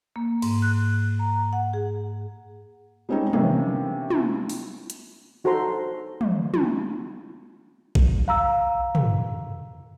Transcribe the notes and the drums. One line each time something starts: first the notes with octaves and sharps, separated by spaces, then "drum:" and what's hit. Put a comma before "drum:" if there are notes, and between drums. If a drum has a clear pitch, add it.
A#3
G#2, drum: cymbal
F#6
A#5
F#5
G#4
G3 G#3 C4 C#4 D#4
C3 E3 A#3 C#4 D4, drum: tom
drum: tom
drum: open hi-hat
drum: hi-hat
D#4 F#4 A4 C5 A#5 C6
drum: tom
drum: tom
drum: kick A#1
F5 A#5 E6
drum: tom